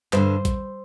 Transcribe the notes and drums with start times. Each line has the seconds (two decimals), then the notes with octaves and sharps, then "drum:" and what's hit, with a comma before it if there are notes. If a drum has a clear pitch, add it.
0.13 G2 D3 C5, drum: clap
0.45 drum: kick A1, hi-hat